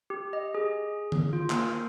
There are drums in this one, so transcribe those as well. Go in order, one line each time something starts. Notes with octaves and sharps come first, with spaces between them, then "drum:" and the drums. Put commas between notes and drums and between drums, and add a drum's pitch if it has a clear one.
G4
D#5
G#4
drum: tom D3
F4
A#3, drum: clap